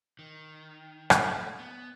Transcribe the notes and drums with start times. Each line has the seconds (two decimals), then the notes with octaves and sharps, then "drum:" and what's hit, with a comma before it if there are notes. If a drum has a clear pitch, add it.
0.19 D#3
1.10 drum: rim click
1.22 A3
1.58 B3